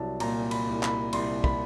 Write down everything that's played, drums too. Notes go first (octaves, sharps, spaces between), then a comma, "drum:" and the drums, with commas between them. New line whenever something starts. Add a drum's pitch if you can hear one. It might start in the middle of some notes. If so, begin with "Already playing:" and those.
Already playing: C2 F#3 A5
A#2 A#5, drum: cymbal
B5, drum: cymbal
C2
B5, drum: clap
C2 C6, drum: cymbal
B5, drum: kick